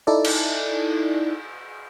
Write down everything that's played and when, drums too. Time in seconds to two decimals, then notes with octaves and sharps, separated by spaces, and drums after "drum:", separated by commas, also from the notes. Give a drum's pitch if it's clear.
0.07 D#4 E4 A4 D5
0.24 drum: cymbal